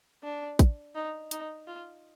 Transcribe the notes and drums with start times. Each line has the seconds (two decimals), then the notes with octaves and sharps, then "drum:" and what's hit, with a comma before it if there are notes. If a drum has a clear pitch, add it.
0.23 D4
0.59 drum: kick, hi-hat
0.95 D#4
1.31 D#4, drum: hi-hat
1.67 F4